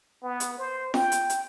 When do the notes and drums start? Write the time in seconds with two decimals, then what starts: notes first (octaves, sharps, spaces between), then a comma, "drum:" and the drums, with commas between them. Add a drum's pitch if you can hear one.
0.23 B3
0.40 drum: hi-hat
0.58 C5
0.94 G5, drum: snare F4
1.12 drum: hi-hat
1.30 drum: hi-hat